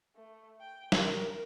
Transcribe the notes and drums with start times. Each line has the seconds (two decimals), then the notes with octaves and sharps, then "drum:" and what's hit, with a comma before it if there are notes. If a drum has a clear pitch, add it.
0.15 A3
0.61 G5
0.92 A#4, drum: snare